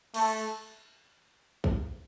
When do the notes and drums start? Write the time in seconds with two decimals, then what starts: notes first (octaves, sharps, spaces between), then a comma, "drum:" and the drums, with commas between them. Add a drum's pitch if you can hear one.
0.14 A3, drum: cymbal
1.64 drum: kick